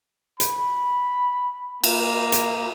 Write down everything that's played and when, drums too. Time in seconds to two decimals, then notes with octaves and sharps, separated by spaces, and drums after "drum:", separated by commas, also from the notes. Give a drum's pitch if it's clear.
0.40 B5, drum: hi-hat
1.84 A#3, drum: cymbal
2.32 drum: hi-hat